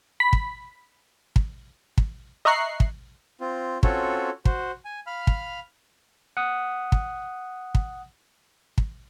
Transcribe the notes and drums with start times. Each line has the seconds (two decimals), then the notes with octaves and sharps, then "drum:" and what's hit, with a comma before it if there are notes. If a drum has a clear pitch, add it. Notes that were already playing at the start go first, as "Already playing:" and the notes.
0.20 B5 B6
0.33 drum: kick
1.36 drum: kick
1.98 drum: kick
2.45 D#5 E5 A#5 C#6 F#6 C7
2.80 drum: kick
3.40 C4 F4
3.83 C4 C#4 F4 F#4 A4 C#5, drum: kick
4.45 F#4 C5, drum: kick
4.85 G#5
5.07 F5 B5 F6
5.27 drum: kick
6.37 F#5 D#6
6.92 drum: kick
7.75 drum: kick
8.78 drum: kick